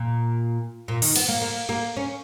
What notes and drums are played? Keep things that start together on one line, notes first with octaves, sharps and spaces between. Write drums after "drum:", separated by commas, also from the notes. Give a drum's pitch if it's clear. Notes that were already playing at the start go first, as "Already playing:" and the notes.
Already playing: A#2
A#2
D#3, drum: open hi-hat
B3, drum: cymbal
A#3
A#3
A#3
C#4